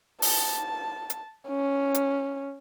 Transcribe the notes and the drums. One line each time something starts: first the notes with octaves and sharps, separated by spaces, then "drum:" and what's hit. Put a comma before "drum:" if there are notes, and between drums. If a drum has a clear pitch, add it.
A5, drum: open hi-hat
drum: hi-hat
C#4
drum: hi-hat